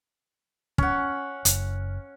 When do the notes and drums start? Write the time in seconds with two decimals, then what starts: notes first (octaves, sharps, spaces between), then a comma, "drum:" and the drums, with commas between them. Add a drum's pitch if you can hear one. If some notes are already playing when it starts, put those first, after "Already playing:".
0.78 C#4 F#5, drum: kick
1.45 F#1, drum: hi-hat